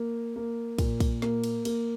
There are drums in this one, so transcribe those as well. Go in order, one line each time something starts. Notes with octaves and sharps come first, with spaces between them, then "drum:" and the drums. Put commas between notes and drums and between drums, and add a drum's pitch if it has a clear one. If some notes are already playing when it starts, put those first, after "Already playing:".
Already playing: A#3
A#3
A#2, drum: kick, cymbal
drum: kick, cymbal
A#3, drum: snare
drum: cymbal
A#3, drum: cymbal